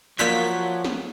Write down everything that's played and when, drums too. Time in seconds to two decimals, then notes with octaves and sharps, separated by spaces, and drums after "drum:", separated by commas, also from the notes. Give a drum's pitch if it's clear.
0.19 F3 F#3 A#3 D5 F5 B6, drum: clap
0.84 drum: snare